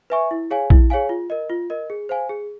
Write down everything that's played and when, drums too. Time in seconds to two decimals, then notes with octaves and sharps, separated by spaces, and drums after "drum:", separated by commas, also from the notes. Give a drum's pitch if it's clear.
0.10 B4 E5 G#5 C#6
0.31 E4
0.51 G#4 C#5 F5 G#5
0.70 E4, drum: kick A#1
0.90 G#4 C#5 F5 G#5
1.09 F4
1.30 A#4 D#5
1.50 F4
1.70 A#4 D#5
1.90 G#4
2.09 C5 F5 G#5
2.29 G#4